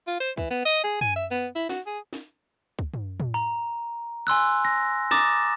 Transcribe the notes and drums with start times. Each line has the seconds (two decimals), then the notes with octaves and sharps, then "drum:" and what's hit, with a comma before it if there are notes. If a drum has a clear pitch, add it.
0.07 F4
0.20 C5
0.37 E3, drum: kick
0.51 B3
0.65 D#5
0.84 G#4
1.01 G#5, drum: tom
1.16 E5
1.31 B3
1.55 E4
1.69 F#4, drum: snare
1.86 G#4
2.13 drum: snare
2.79 drum: kick
2.94 drum: tom
3.20 drum: tom
3.34 A#5
4.27 G#5 C6 E6 F#6
4.65 A#6
5.11 A#5 D6 D#6 A6 A#6 E7, drum: snare